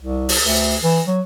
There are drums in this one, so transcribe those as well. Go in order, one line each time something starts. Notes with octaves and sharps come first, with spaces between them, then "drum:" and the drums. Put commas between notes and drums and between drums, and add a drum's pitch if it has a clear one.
C2
drum: open hi-hat
D2
E3
F#3